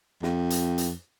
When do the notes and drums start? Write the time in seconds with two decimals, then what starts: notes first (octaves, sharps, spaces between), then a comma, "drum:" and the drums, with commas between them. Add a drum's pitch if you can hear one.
0.23 F2, drum: snare
0.50 drum: hi-hat
0.78 drum: hi-hat